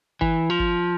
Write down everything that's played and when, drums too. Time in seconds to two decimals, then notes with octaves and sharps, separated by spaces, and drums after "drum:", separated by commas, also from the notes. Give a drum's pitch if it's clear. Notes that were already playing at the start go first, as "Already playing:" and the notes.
0.21 E3, drum: kick
0.50 F3
0.59 drum: kick